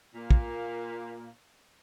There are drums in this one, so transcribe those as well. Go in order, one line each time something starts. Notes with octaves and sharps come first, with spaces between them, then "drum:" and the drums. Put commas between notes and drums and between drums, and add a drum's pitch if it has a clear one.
A#2 A#3
drum: kick